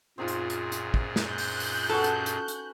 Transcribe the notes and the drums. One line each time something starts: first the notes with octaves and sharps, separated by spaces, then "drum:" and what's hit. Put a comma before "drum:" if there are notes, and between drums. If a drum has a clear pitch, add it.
F#2 A#2 C4 D#4 F4 G#4
drum: hi-hat
drum: hi-hat
drum: hi-hat
drum: kick
F#6 G6, drum: snare
drum: open hi-hat
drum: open hi-hat
C#4 F#4 A4 B4
drum: hi-hat
drum: hi-hat
drum: hi-hat